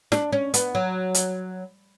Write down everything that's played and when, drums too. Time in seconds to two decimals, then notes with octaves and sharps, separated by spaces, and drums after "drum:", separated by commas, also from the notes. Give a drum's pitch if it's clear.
0.12 D4, drum: snare
0.32 C#4
0.54 B3, drum: hi-hat
0.75 F#3
1.14 drum: hi-hat